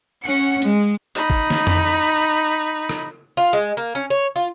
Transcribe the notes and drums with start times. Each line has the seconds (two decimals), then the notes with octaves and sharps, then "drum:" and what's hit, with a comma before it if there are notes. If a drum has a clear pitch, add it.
0.25 C#4 F#5 C#7
0.62 G#3, drum: hi-hat
1.15 D#4 B5, drum: cymbal
1.30 drum: kick
1.50 drum: snare
1.67 drum: tom F2
2.89 drum: rim click
3.37 F4
3.53 G#3
3.77 A#3
3.95 C#4
4.10 C#5
4.36 F4